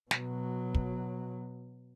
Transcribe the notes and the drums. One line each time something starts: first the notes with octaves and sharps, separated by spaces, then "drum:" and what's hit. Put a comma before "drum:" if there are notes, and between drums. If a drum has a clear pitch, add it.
B2 F#3, drum: snare
drum: kick